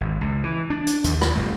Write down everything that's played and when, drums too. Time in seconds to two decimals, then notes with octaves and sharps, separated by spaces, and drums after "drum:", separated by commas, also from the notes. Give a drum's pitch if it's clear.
0.01 G#1
0.21 C#2
0.44 E3
0.70 D4
0.87 drum: hi-hat
1.04 D#2, drum: hi-hat
1.21 drum: rim click
1.35 F1 G2 A3